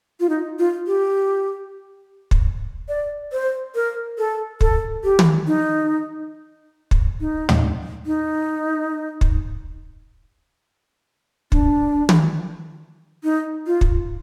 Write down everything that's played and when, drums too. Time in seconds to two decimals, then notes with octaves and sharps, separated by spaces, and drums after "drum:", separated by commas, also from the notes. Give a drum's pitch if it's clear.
0.20 F4
0.29 D#4
0.59 F4
0.87 G4
2.31 drum: kick
2.88 D5
3.32 C5
3.75 A#4
4.18 A4
4.61 A4, drum: kick
5.04 G4
5.19 drum: tom
5.47 D#4
6.91 drum: kick
7.21 D#4
7.49 drum: tom
8.06 D#4
9.21 drum: kick
11.52 D4, drum: kick
12.09 drum: tom
13.24 D#4
13.67 F4
13.81 drum: kick